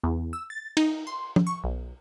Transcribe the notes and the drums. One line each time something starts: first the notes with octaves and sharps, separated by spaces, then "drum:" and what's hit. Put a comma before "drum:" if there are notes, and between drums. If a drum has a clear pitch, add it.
E2
E6
A6
D#4, drum: cymbal
C6
drum: tom
C#6
B1